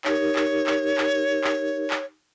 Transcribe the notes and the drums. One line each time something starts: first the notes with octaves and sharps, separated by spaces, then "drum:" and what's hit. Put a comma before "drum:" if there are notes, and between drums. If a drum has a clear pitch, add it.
D#4 G4 A#4 C#5, drum: clap
drum: clap
drum: clap
drum: clap
drum: clap
drum: clap